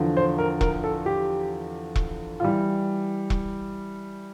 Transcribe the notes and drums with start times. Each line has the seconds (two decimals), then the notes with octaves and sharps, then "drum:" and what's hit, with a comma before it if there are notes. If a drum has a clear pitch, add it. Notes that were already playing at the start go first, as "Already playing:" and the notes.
Already playing: E2 D3 F3
0.17 C5
0.38 A#4
0.61 A#4, drum: kick E1
0.84 A4
1.06 G4
1.96 drum: kick E1
2.40 F4
2.43 E3 G3
3.30 drum: kick E1